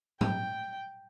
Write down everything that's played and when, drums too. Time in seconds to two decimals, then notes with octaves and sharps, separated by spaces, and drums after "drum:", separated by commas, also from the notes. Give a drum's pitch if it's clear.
0.21 G5, drum: tom